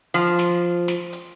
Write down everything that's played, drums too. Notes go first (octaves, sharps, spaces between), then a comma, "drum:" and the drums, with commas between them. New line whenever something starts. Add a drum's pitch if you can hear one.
F3, drum: hi-hat
drum: snare
drum: snare
drum: hi-hat